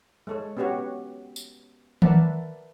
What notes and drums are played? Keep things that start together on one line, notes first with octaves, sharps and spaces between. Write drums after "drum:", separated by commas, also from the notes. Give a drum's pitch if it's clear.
G#3 A4 C#5
B3 C#4 F#4 G4 C#5 F#5
drum: tambourine
A#4 B4 D5 E5 F#5 A5, drum: tom D#3